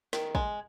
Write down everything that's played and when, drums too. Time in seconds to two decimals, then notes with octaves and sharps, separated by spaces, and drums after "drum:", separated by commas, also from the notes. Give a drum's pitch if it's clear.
0.13 D#3, drum: snare
0.35 G#3, drum: kick